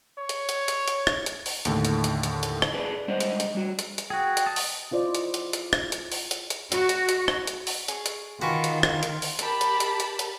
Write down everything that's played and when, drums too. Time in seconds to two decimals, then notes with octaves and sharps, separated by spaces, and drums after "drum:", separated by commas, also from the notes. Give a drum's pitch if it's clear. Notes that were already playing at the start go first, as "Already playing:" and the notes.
0.18 C#5
0.29 drum: hi-hat
0.49 drum: hi-hat
0.68 drum: hi-hat
0.88 drum: hi-hat
1.07 drum: rim click
1.26 drum: hi-hat
1.46 drum: open hi-hat
1.65 D#2 A2 D3, drum: hi-hat
1.85 drum: hi-hat
2.04 drum: hi-hat
2.23 drum: hi-hat
2.43 drum: hi-hat
2.62 drum: rim click
2.74 G#4 A4 B4 D5
3.08 G3 G#3 D4 C5 D#5 F#5
3.20 drum: hi-hat
3.40 drum: hi-hat
3.55 G3 F#4
3.79 drum: hi-hat
3.98 drum: hi-hat
4.10 F#4 G#4 G5
4.37 drum: hi-hat
4.46 A5 D#6
4.56 drum: open hi-hat
4.91 E4 F4 C5 D5 D#5
5.15 drum: hi-hat
5.34 drum: hi-hat
5.53 drum: hi-hat
5.73 drum: rim click
5.92 drum: hi-hat
6.12 drum: open hi-hat
6.31 drum: hi-hat
6.50 drum: hi-hat
6.72 F#4, drum: hi-hat
6.89 drum: hi-hat
7.09 drum: hi-hat
7.28 drum: rim click
7.47 drum: hi-hat
7.67 drum: open hi-hat
7.88 G#4 C#6, drum: hi-hat
8.06 drum: hi-hat
8.42 D#3 F4 F#4 B4 G5 G#5
8.64 drum: hi-hat
8.83 drum: rim click
9.03 drum: hi-hat
9.22 drum: open hi-hat
9.39 G4 A#4 A5 B5, drum: hi-hat
9.61 drum: hi-hat
9.80 drum: hi-hat
10.00 drum: hi-hat
10.19 drum: hi-hat